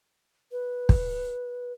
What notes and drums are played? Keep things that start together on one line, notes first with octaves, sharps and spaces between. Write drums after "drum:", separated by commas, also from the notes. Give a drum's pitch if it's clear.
B4
drum: kick